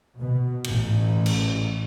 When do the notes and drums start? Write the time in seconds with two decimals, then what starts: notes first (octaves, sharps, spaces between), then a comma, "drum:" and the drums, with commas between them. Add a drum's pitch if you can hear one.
0.18 B2
0.64 A1, drum: cymbal
1.26 drum: cymbal